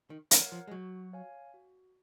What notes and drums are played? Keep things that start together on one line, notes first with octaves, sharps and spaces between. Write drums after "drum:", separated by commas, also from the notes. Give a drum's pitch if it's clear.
D#3
A#4 C#5 F#5, drum: hi-hat
F3
G#3
F#3 F#4
C#5 F5 G#5
F#4